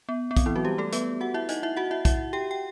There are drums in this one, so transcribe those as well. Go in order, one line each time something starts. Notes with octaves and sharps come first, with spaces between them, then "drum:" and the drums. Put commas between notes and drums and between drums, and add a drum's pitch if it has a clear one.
B3
B3
C4, drum: kick, hi-hat
E3 E4
F#3 F#4
G3 G4
A3 A4
B3 B4, drum: hi-hat
F#4 F#5
E4 E5
D#4 D#5, drum: hi-hat
E4 E5
F#4 F#5
E4 E5
E4 E5, drum: kick, hi-hat
G4 G5
G5